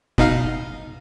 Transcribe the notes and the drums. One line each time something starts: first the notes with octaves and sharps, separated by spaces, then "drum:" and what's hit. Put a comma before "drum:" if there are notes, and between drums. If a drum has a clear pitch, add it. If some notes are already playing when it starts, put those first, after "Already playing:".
B2 D#4 F5, drum: kick F#1